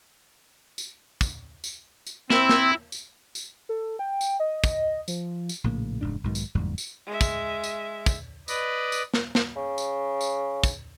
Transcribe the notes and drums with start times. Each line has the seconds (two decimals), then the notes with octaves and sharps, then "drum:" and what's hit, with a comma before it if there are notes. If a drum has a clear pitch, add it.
0.78 drum: tambourine
1.21 drum: kick, tambourine
1.64 drum: tambourine
2.07 drum: tambourine
2.30 C4 E4, drum: snare
2.49 drum: snare
2.92 drum: tambourine
3.35 drum: tambourine
3.69 A4
3.99 G5
4.21 drum: tambourine
4.40 D#5
4.64 drum: kick, tambourine
5.08 F3, drum: tambourine
5.49 drum: tambourine
5.64 A#1 A2 C#3 A#3
6.01 F1 E2 G#2 D4
6.24 B1 G#2 B2 D#3
6.35 drum: tambourine
6.55 F#1 E2 G#2 G3
6.78 drum: tambourine
7.07 G#3 E5
7.21 drum: kick, tambourine
7.64 drum: tambourine
8.06 drum: kick, tambourine
8.48 B4 D5 D#5, drum: tambourine
8.92 drum: tambourine
9.14 drum: snare
9.35 drum: snare
9.56 C#3
9.78 drum: tambourine
10.21 drum: tambourine
10.64 drum: kick, tambourine